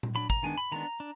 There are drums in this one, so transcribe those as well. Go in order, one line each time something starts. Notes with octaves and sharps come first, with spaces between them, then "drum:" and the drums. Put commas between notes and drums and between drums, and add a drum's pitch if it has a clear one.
drum: tom A#2
F#3 D4 B5
A#5, drum: kick
D#3 G#3 B3 D4 G#5
B5
D#3 G#3 B3 D4 A#5
D4